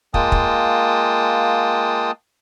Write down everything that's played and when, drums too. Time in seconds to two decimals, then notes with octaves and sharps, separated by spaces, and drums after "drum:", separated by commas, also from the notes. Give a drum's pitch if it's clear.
0.14 G#3 A#3 F4 G5 A5 D#6, drum: kick
0.32 drum: kick